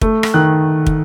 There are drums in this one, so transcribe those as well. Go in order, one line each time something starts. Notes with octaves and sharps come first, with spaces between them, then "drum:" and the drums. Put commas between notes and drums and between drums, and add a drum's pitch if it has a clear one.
A3, drum: kick
drum: rim click
D#3 F#6
drum: kick